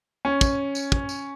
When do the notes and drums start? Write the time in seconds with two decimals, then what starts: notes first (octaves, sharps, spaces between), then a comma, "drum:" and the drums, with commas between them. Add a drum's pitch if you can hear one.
0.25 C#4
0.41 drum: kick, tambourine
0.75 drum: tambourine
0.92 drum: kick
1.09 drum: tambourine